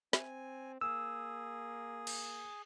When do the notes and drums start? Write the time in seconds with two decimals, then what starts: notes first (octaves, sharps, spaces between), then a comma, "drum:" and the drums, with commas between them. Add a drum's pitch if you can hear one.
0.13 C4 G#5, drum: snare
0.81 A#3 G#4 E6
2.07 drum: cymbal